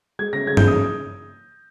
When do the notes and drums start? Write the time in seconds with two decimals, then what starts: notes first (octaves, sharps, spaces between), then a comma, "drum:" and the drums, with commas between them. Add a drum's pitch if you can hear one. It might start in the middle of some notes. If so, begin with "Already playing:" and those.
0.19 G#3 G#6
0.33 C#3 A#6
0.47 C#3 G#6
0.57 G6, drum: tom
0.62 C#3
0.68 D#6